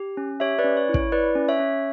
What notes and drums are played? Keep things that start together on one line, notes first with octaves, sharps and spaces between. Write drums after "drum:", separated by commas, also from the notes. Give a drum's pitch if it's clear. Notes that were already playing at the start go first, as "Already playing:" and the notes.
Already playing: G4
C#4
G4 C#5 E5
B4 D5
C#4
C#5
E4
C#5, drum: kick
E4 B4 D5
C#4
C#5 E5
C#4